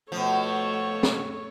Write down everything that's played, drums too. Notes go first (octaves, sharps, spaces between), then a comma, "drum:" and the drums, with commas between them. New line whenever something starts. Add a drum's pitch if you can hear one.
B2 F3 A3 C#5
drum: snare